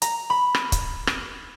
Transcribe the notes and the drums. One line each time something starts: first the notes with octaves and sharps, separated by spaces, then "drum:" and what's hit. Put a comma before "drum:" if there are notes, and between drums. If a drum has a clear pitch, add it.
A#5, drum: hi-hat
B5
drum: rim click
drum: kick C#1, hi-hat
drum: rim click